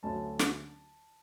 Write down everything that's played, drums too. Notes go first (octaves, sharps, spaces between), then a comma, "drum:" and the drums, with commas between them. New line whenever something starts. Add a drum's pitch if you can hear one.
D2 D3 F#3 A3 C#4 A5
drum: snare